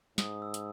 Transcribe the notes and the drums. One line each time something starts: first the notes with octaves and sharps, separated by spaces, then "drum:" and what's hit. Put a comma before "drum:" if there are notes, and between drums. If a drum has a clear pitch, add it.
G#2 D#6, drum: snare
E6
drum: hi-hat